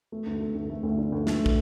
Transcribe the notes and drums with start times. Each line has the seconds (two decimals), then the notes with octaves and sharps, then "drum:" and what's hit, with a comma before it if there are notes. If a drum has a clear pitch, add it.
0.12 A3
0.26 D2
0.41 A3
0.55 D2
0.70 A3
0.83 D2
0.98 D3
1.12 D2
1.27 A3, drum: snare
1.46 drum: kick